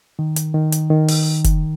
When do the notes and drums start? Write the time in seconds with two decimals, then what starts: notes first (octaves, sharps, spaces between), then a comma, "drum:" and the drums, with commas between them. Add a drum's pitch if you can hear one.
0.19 D#3
0.36 drum: hi-hat
0.54 D#3
0.72 drum: hi-hat
0.90 D#3
1.08 drum: open hi-hat
1.44 drum: kick, hi-hat